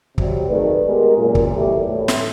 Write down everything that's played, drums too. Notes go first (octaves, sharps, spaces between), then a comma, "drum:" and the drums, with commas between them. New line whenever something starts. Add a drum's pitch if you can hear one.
C3 F#3 G3, drum: kick
D#3 A3 G#4 B4 D5
G#3 B3 G4 A#4
F#2 A#2
drum: kick
B2 E3 G3 A3
A2
drum: snare